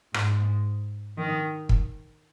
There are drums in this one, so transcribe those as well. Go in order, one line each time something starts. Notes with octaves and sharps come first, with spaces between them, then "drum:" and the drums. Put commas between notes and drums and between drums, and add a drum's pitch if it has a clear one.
G#2, drum: rim click
D#3
drum: kick